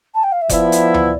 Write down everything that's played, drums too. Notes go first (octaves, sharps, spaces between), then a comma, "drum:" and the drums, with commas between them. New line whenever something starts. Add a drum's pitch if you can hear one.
A5
G5
F5
E5
F3 B3 E4 D5, drum: kick F1, hi-hat
drum: hi-hat
drum: tom D2